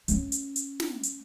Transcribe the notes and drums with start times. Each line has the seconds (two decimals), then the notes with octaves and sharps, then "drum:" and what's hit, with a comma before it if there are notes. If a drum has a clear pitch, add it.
0.08 A3 C#4, drum: hi-hat
0.32 drum: hi-hat
0.56 drum: hi-hat
0.80 drum: snare
1.04 drum: hi-hat